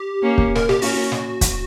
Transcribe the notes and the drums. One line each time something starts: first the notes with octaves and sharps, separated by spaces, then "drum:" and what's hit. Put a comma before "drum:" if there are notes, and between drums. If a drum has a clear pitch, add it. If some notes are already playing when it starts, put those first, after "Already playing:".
Already playing: G4
A#3 C#4
drum: kick
A#4, drum: snare
G4, drum: snare
A#3 C#4 F#4, drum: open hi-hat
drum: snare
drum: kick, hi-hat